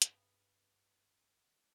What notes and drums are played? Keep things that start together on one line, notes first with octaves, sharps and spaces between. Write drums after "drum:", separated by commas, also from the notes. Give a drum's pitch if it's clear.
G2 C#3 B3, drum: hi-hat